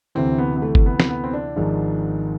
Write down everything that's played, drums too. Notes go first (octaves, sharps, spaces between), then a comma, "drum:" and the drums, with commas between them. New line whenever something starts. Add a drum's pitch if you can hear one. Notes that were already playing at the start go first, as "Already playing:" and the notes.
D2 C3 E3 C4
B3
B3
A3
drum: kick G1
B3
drum: snare
B3
C4
D4
G#1 G#2 F3